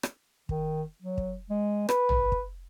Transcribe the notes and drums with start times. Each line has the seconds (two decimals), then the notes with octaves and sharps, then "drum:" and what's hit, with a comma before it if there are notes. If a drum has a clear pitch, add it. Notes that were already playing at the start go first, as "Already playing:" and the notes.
0.03 drum: rim click
0.49 D#3, drum: kick
1.02 F#3
1.18 drum: kick
1.50 G#3
1.89 B4, drum: rim click
2.09 drum: tom
2.32 drum: kick